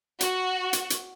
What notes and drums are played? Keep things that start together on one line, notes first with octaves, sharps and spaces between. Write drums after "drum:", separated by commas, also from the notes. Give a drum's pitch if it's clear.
F#4, drum: hi-hat
drum: hi-hat
drum: hi-hat